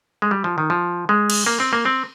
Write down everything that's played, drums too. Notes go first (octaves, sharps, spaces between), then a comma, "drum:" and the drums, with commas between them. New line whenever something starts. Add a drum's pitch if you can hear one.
G#3
G3
F3
D#3
F3
G#3
drum: cymbal
A#3
C4
A#3
C4